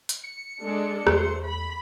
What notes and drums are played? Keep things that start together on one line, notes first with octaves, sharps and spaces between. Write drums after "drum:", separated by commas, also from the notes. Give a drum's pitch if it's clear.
drum: hi-hat
C#7
G#3 D4 A4
E2 A3 C5, drum: rim click
B5